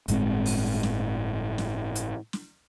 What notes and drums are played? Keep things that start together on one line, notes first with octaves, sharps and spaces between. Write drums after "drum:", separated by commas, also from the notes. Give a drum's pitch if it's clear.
G1 A2 G#3 C4, drum: hi-hat
drum: open hi-hat
drum: snare
drum: snare
drum: hi-hat
drum: snare